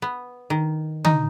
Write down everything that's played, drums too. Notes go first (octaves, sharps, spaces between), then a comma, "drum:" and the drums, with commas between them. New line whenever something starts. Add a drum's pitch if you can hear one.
B3
D#3
D#4, drum: tom D3